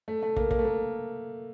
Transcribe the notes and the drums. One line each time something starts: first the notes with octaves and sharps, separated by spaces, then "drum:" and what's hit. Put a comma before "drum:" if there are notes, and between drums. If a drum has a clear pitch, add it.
A3
A3
A#3, drum: kick
A#3, drum: kick
A3
A#3